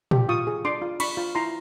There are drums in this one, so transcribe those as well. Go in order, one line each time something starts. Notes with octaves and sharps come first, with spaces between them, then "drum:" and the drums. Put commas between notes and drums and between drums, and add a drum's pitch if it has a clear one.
G4, drum: tom
F4 C#6 D#6
G#4
D4 C6 D6
F4
D4 B5 C#6, drum: cymbal
F4
E4 A#5 C6